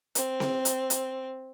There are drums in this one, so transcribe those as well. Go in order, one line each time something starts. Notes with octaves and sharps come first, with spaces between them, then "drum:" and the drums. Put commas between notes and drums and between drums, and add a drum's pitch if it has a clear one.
C4, drum: hi-hat
drum: snare C4
drum: hi-hat
drum: hi-hat